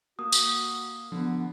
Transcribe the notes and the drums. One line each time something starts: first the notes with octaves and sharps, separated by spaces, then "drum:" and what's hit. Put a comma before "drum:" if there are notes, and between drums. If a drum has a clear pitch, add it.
A#3 F#4 D#6
drum: tambourine
D3 F3 B3